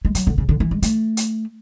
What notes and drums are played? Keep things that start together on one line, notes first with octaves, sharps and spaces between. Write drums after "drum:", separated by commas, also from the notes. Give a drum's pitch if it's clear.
G#3
F#3, drum: hi-hat
D3
C#3
D3
E3
G#3
A3, drum: hi-hat
drum: hi-hat